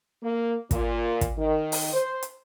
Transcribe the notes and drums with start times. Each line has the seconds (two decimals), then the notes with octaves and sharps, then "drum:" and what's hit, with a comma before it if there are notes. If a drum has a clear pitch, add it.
0.23 A#3
0.71 A#2, drum: kick, hi-hat
1.21 drum: kick, hi-hat
1.37 D#3
1.72 drum: open hi-hat
1.93 C5
2.23 drum: hi-hat